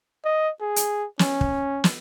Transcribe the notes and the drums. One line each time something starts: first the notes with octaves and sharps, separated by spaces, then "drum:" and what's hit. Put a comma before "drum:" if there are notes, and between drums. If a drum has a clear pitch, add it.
D#5
G#4
drum: hi-hat
C#4, drum: snare
drum: kick
drum: snare